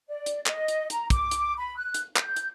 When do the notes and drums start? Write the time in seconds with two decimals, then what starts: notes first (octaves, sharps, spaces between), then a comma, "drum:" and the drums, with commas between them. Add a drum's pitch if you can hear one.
0.09 D5
0.26 drum: hi-hat
0.46 D#5, drum: clap
0.68 drum: hi-hat
0.90 A#5, drum: hi-hat
1.10 D6, drum: kick, hi-hat
1.31 drum: hi-hat
1.57 B5
1.77 F#6
1.94 drum: hi-hat
2.16 G6, drum: clap
2.36 drum: hi-hat